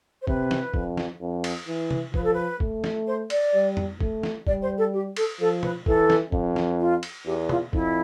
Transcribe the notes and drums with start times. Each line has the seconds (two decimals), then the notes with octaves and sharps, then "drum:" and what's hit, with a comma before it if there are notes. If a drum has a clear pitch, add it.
0.22 C5
0.27 C3 B4, drum: kick
0.51 drum: snare
0.74 F2, drum: kick
0.97 drum: snare
1.21 F2
1.44 drum: cymbal
1.68 E3
1.91 drum: tom C3
2.14 F3 B4, drum: kick
2.24 A4
2.33 B4
2.60 A3, drum: kick
2.84 drum: snare
3.07 C5
3.30 D5, drum: cymbal
3.54 G3
3.77 drum: tom F2
4.01 A3, drum: kick
4.23 drum: snare
4.47 G3 D5, drum: kick
4.62 C5
4.77 A4
4.93 G4
5.17 A4, drum: cymbal
5.40 F3 A4
5.63 B4, drum: tom
5.86 E3 A4, drum: kick
6.10 drum: snare
6.32 F2, drum: kick
6.56 drum: snare
6.79 F4
7.03 drum: cymbal
7.26 E2 G4
7.49 F4, drum: tom
7.73 F2 E4, drum: kick